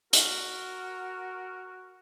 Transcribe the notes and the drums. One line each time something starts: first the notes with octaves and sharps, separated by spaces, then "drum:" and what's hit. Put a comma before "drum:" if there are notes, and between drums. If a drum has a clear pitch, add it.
F#4 A#4, drum: hi-hat